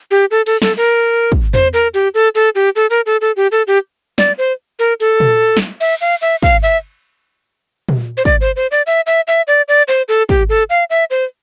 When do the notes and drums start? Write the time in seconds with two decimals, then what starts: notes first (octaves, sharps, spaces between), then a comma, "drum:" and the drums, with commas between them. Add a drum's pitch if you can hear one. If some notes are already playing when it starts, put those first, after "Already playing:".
0.11 G4
0.31 A4
0.46 A4, drum: cymbal
0.62 A4, drum: snare
0.77 A#4
1.32 drum: kick
1.54 C5, drum: tom E2
1.73 A#4
1.94 G4, drum: hi-hat
2.14 A4
2.35 A4, drum: hi-hat
2.55 G4
2.76 A4
2.90 A#4
3.06 A4
3.21 A4
3.37 G4
3.52 A4
3.67 G4
4.18 D5, drum: snare
4.38 C5
4.79 A#4
5.00 A4, drum: open hi-hat
5.20 drum: tom A#2
5.57 drum: snare
5.81 E5, drum: cymbal
6.01 F5
6.22 E5
6.43 F5, drum: kick
6.63 E5
7.89 drum: tom A#2
8.17 C5
8.25 D5, drum: kick
8.41 C5
8.56 C5
8.71 D5
8.87 E5
9.07 E5
9.27 E5
9.48 D5
9.68 D5
9.88 C5
10.09 A4
10.29 G4, drum: kick
10.49 A4
10.70 F5
10.90 E5
11.10 C5